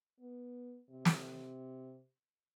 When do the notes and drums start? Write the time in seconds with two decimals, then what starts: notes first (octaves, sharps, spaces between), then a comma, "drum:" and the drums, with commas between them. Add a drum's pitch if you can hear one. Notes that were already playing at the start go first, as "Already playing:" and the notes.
0.20 B3
0.90 C3
1.05 drum: snare